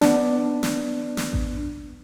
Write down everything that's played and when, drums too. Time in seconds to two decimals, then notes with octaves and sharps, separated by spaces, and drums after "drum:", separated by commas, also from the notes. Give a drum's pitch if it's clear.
0.01 B3 D4, drum: snare
0.63 drum: snare
1.17 drum: snare
1.33 drum: kick A1